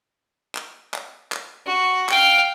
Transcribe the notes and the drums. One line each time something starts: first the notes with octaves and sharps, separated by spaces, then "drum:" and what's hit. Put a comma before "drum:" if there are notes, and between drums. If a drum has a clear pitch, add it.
drum: clap
drum: clap
drum: clap
F#4
F5 G5, drum: clap